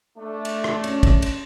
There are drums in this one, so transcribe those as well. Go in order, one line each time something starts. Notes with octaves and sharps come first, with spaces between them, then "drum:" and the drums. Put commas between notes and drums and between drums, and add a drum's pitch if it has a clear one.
A3 D4
drum: cymbal
drum: rim click
C#4, drum: cymbal
drum: kick, cymbal
drum: cymbal